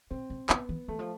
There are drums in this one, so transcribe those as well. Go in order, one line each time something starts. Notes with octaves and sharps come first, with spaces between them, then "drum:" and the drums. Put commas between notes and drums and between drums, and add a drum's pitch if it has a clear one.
B2 C4
C3
C3 B3, drum: clap
E3
E3 A3
F3